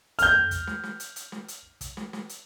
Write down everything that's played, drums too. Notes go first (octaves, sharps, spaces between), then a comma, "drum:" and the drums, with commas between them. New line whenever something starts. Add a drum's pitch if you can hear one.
F6 G6, drum: hi-hat
drum: tom
drum: kick, hi-hat
drum: snare
drum: snare
drum: hi-hat
drum: hi-hat
drum: snare
drum: hi-hat
drum: kick, hi-hat
drum: snare
drum: snare
drum: hi-hat